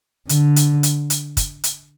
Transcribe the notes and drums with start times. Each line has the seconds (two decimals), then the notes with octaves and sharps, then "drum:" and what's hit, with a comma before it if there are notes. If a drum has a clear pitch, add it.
0.29 D3, drum: hi-hat
0.56 drum: hi-hat
0.83 drum: hi-hat
1.10 drum: hi-hat
1.37 drum: kick, hi-hat
1.64 drum: hi-hat